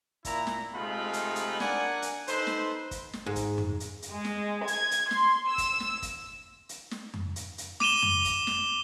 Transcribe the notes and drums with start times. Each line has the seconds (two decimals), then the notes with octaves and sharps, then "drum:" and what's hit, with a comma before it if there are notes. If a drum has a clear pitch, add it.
0.25 A#2 E4 A#5, drum: kick, hi-hat
0.47 drum: snare
0.74 C3 G#3 A3 D#4 F4 B5
1.13 drum: hi-hat
1.36 drum: hi-hat
1.60 D4 A#4 D5 F#5 G#5, drum: snare
2.02 drum: hi-hat
2.27 D#4 A4 B4 C5, drum: hi-hat
2.47 drum: snare
2.91 drum: kick, hi-hat
3.13 drum: snare
3.26 G#2
3.36 drum: kick, hi-hat
3.58 drum: tom F2
3.80 drum: hi-hat
4.02 drum: hi-hat
4.12 G#3
4.25 drum: snare
4.67 G#6, drum: hi-hat
4.91 drum: hi-hat
5.11 C6, drum: snare
5.49 E6
5.58 drum: kick, hi-hat
5.80 drum: snare
6.02 drum: kick, hi-hat
6.69 drum: hi-hat
6.91 drum: snare
7.14 drum: tom F2
7.36 drum: hi-hat
7.58 drum: hi-hat
7.80 D6 D#7 E7 G7, drum: snare
8.03 drum: tom F2
8.25 drum: kick, hi-hat
8.47 drum: snare